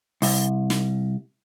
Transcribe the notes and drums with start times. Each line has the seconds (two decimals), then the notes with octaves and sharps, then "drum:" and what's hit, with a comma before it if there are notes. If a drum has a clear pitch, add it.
0.22 C2, drum: open hi-hat
0.70 drum: snare